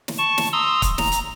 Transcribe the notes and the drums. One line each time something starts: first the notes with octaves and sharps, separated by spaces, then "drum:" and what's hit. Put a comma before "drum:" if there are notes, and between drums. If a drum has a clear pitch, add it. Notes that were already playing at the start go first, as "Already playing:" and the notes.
drum: snare
A5 C#6
drum: snare
A#5 C6 D#6 E6
drum: kick, hi-hat
A#5, drum: snare
drum: hi-hat